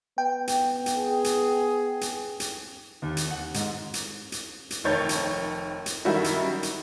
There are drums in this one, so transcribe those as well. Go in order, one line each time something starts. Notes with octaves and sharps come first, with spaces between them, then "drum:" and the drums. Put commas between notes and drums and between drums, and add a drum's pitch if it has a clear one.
B3 G5
drum: hi-hat
drum: hi-hat
G#4
drum: hi-hat
drum: hi-hat
drum: hi-hat
D#2
drum: hi-hat
F#5
G#2, drum: hi-hat
drum: hi-hat
drum: hi-hat
drum: hi-hat
F1 F2 D#3 C#5 G6 A6
drum: hi-hat
drum: hi-hat
F#2 D#3 G3 D#4 E4 F#4
drum: hi-hat
drum: hi-hat